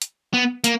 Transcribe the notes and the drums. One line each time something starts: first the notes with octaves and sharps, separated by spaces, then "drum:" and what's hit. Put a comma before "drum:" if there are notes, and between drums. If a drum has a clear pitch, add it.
drum: hi-hat
B3
A#3, drum: hi-hat